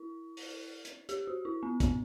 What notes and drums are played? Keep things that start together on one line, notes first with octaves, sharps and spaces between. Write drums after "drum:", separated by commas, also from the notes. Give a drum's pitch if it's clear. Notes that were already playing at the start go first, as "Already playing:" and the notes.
Already playing: E4
drum: open hi-hat
drum: hi-hat
G4, drum: hi-hat
F#4
E4
B3
B3, drum: kick, hi-hat